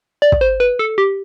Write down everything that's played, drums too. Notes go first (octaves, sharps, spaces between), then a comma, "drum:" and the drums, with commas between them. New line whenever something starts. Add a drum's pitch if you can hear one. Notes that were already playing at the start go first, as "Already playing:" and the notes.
D5
drum: kick
C5
B4
A4
G4